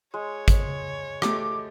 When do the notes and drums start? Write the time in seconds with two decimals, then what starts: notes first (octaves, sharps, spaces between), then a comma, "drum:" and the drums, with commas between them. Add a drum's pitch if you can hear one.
0.14 G#3 C#5
0.48 drum: kick, hi-hat
1.22 A3 G4 D6, drum: rim click